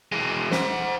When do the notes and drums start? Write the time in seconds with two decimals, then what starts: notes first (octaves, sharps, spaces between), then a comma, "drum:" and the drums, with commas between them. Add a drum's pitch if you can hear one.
0.12 E3 G#3
0.51 C5 F#5, drum: snare